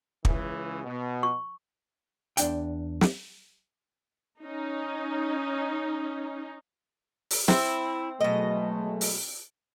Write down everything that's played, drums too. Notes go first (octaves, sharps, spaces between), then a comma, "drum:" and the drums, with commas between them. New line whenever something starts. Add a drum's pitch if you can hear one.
C#2 C#3 E3, drum: kick
B2
C#6
E2 D4 G5, drum: hi-hat
drum: snare
C#4 D#4
drum: open hi-hat
C4 E4, drum: snare
B2 F#3 G#3 A3 D#5
drum: open hi-hat